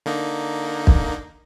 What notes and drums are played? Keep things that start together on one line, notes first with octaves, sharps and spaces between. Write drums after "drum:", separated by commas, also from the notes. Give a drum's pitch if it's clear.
D3 A#3 D#4
drum: kick